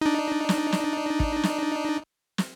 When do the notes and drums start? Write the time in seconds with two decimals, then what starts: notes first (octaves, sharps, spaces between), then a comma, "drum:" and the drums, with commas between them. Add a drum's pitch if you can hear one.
0.01 D4 D#4
0.49 drum: snare
0.72 drum: snare
1.20 drum: kick
1.43 drum: snare
2.38 drum: snare